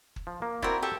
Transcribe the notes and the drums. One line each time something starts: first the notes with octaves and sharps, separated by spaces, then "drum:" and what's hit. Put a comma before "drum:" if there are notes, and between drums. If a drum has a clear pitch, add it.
drum: kick
F3
A#3
C4 E4 F#4 A#4 D5, drum: kick
G4 A4 E5